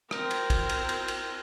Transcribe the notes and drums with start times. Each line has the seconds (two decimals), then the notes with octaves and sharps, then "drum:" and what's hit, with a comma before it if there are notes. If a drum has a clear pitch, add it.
0.11 C4 A#4, drum: rim click
0.31 drum: cymbal
0.50 drum: kick, cymbal
0.69 drum: cymbal
0.89 drum: cymbal
1.08 drum: cymbal